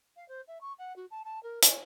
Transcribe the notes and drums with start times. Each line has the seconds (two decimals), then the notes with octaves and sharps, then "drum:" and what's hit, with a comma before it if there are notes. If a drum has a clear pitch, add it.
0.16 F5
0.28 C5
0.47 E5
0.61 C#6
0.78 F#5
0.96 F#4
1.10 A5
1.24 A5
1.43 A#4
1.63 C#5, drum: hi-hat